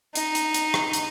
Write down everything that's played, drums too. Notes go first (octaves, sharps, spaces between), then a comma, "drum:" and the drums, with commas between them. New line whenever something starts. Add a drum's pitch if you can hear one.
D#4, drum: hi-hat
drum: hi-hat
drum: hi-hat
drum: rim click
drum: hi-hat